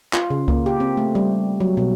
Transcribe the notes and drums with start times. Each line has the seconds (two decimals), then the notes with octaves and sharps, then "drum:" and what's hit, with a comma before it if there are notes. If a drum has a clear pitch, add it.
0.13 F4, drum: clap
0.30 C#3
0.48 A#3, drum: kick C#2
0.66 G4
0.80 C4
0.97 A3
1.15 G3
1.60 F#3
1.77 B2